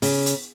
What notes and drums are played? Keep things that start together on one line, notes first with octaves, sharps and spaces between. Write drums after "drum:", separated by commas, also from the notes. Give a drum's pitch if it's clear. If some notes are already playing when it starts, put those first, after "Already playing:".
C#3, drum: open hi-hat
drum: hi-hat